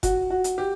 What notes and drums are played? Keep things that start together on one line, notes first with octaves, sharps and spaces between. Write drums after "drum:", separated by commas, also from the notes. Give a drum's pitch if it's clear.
F#4, drum: kick F1, hi-hat
F#4
drum: hi-hat
G4